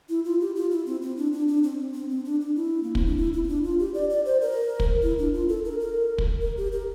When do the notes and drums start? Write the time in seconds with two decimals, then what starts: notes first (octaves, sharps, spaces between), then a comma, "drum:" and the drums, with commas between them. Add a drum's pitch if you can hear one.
0.09 E4
0.25 F4
0.41 G4
0.56 F4
0.71 E4
0.86 C4
1.02 C4
1.17 D4
1.33 D4
1.48 D4
1.63 C4
1.94 C4
2.10 C4
2.25 D4
2.41 D4
2.56 E4
2.83 A#3
2.95 C4, drum: kick
3.06 D4
3.17 E4
3.33 E4
3.43 C4
3.48 D4
3.64 F4
3.79 G4
3.94 D5
4.10 D5
4.25 C5
4.41 A#4
4.80 drum: kick
5.03 E4
5.18 D4
5.33 F4
5.49 A4
5.65 A#4
5.80 A#4
6.18 drum: kick
6.42 A#4
6.57 G4
6.72 A#4